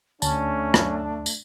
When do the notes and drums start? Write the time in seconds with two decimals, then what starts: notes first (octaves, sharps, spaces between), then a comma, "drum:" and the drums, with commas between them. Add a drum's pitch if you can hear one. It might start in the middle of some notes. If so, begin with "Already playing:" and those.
0.22 D2 A3 C#4 D4 A5, drum: tambourine
0.74 drum: rim click
1.26 drum: tambourine